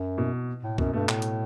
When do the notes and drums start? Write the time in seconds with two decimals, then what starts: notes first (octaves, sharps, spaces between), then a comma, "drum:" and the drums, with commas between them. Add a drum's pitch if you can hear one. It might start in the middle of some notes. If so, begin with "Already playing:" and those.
Already playing: F#2
0.18 B2
0.63 A2
0.78 F#2 B2, drum: kick
0.93 G2 A3
1.09 A2, drum: clap
1.22 drum: hi-hat